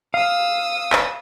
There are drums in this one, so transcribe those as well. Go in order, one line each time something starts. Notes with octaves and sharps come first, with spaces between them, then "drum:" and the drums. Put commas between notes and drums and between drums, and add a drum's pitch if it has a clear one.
F5 D#6 E6
drum: clap